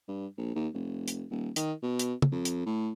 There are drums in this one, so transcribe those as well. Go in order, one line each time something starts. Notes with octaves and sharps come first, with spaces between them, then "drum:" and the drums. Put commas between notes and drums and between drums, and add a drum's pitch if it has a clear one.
G2
A#1
D#2
F1
drum: hi-hat
D#1
D#3, drum: hi-hat
B2
drum: hi-hat
drum: tom
F2
drum: hi-hat
A2